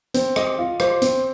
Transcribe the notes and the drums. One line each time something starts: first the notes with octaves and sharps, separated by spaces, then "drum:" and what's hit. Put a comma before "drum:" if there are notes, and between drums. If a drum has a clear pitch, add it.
C4, drum: hi-hat
D#5, drum: rim click
F4
C5, drum: rim click
C4, drum: hi-hat